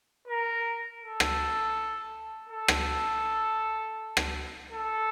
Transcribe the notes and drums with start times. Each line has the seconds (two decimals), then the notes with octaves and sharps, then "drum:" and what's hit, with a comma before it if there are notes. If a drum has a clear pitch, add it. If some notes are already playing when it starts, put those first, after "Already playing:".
0.28 A#4
1.02 A4
1.20 drum: rim click
2.50 A4
2.68 drum: rim click
4.17 drum: rim click
4.72 A4